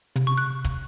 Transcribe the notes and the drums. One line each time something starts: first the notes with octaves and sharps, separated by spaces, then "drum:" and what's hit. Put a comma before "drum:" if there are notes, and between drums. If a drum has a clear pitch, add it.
C3, drum: hi-hat
C3 C#6
F#6
drum: kick, hi-hat